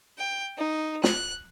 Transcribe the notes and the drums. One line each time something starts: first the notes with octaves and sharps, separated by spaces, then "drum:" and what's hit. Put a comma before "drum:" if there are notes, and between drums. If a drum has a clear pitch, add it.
G5
D#4
F#6, drum: snare